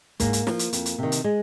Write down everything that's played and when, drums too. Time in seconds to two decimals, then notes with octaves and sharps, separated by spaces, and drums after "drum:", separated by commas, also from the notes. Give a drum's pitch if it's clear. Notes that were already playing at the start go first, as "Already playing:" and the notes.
0.20 G#2 A#3, drum: kick, hi-hat
0.33 drum: hi-hat
0.47 F3, drum: snare
0.59 drum: hi-hat
0.73 F2, drum: hi-hat
0.86 drum: hi-hat
0.98 C3 D#3
1.12 drum: hi-hat
1.24 G#3